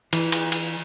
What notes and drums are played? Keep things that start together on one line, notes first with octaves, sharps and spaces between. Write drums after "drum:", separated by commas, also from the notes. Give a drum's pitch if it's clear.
E3, drum: cymbal
drum: cymbal
drum: cymbal